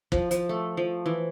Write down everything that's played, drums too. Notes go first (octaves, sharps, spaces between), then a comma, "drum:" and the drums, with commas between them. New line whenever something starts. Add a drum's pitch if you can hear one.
F3, drum: kick
F3, drum: hi-hat
A3
F3
E3